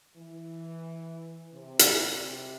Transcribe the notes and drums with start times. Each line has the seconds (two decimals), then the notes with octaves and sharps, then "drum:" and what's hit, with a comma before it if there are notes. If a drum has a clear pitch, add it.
0.17 E3
1.53 C3
1.79 drum: hi-hat